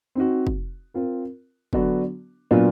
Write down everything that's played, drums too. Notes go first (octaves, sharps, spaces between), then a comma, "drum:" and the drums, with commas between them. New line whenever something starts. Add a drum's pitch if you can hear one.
C4 D#4 F#4
drum: kick
C4 F4 A#4
D3 F#3 B3 D4 F#4, drum: kick
A#2 F#3 B3 D4 F4